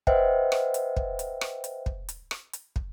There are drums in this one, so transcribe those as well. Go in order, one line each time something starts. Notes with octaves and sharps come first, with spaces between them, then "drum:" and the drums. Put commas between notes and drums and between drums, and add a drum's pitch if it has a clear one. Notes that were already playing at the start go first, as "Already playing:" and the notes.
B4 C5 D#5 E5 F#5 G5, drum: kick
drum: rim click
drum: hi-hat
drum: kick
drum: hi-hat
drum: rim click
drum: hi-hat
drum: kick
drum: hi-hat
drum: rim click
drum: hi-hat
drum: kick